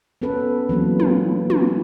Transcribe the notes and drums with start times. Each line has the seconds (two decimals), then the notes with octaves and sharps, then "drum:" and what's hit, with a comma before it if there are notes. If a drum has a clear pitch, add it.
0.22 B3 C#4 A4 B4
0.69 E3 F#3 A#3 C4
1.00 drum: tom
1.50 drum: tom